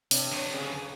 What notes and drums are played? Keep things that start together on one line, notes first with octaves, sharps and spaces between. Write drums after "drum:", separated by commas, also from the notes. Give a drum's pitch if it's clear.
G2 C3 C#5 E5 B5, drum: open hi-hat
D2 F#3 D4 C#5 D#6
C#3 A#4 F#5 G5
B4 F5 F#5